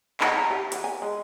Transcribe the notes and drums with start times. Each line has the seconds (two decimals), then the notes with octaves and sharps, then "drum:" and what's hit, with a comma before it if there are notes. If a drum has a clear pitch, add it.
0.21 D#4 F#5, drum: clap
0.38 A#5
0.51 G4 E5
0.72 E3 F#4, drum: hi-hat
0.84 G#5
1.02 G#3